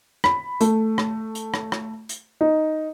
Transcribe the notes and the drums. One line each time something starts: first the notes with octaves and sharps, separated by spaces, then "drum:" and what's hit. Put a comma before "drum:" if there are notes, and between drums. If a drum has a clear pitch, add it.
B5, drum: rim click
A3, drum: hi-hat
drum: rim click
drum: hi-hat
drum: rim click
drum: rim click
drum: hi-hat
D#4